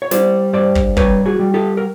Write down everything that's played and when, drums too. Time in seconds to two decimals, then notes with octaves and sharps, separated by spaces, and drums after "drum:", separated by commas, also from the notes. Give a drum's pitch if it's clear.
0.02 C#5
0.11 G3 C5 D5, drum: snare
0.53 G2 C5 D5
0.75 drum: kick
0.97 G3 B4 C#5, drum: kick
1.26 F#4 G#4
1.39 G3
1.54 G4 A4
1.77 A#4